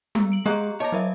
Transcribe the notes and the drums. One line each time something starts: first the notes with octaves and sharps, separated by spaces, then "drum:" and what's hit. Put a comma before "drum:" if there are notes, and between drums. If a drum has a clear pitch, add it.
B3, drum: tom G3
D7 F#7
G#3 G4 G#4 A#5
C#5 D#5 A5 A#5 D6
F#3 A#4 E5